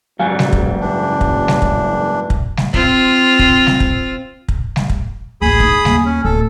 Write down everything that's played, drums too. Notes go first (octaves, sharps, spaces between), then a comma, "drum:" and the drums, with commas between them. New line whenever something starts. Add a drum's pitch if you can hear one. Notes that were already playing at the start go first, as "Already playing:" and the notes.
F#1 G#2 F#3 G3 F5 G#5
drum: snare G3
drum: kick
E3 D4
drum: kick
drum: snare G3
drum: kick
drum: kick
drum: snare G3
C4 F4, drum: kick
drum: kick
drum: snare G3
drum: kick
drum: kick
drum: snare G3
drum: kick
A1 D2 G#4 B5 D#6
D#4, drum: kick
D#2, drum: snare G3
C#4
D1 A4